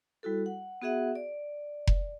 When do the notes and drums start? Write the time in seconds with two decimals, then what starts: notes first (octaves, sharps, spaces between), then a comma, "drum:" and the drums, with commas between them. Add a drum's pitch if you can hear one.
0.23 G3 E4 F#4 A4
0.46 F#5
0.82 B3 F#4 G#4 E5 F#5
1.15 D5
1.87 drum: kick F1